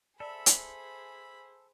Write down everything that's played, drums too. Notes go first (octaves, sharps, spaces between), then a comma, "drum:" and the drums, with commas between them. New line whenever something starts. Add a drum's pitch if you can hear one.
G#4 A4 C5 D5 E5 A5 B5
drum: hi-hat